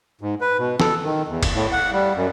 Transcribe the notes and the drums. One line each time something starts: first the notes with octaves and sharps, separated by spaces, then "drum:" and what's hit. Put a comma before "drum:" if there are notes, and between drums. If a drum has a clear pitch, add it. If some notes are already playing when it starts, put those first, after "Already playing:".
G#2
B4
B2
A4, drum: snare
D#3
E2
drum: kick, cymbal
A2
F#5
G3
F#2